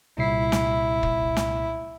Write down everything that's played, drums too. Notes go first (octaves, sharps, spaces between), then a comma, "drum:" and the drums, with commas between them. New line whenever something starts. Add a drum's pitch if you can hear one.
C2 A#2 E4 C7
drum: snare
drum: kick
drum: snare